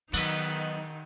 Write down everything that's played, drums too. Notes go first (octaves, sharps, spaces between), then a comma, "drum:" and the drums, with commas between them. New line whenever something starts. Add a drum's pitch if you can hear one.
D#3 F#3 B3 D#4 B4, drum: cymbal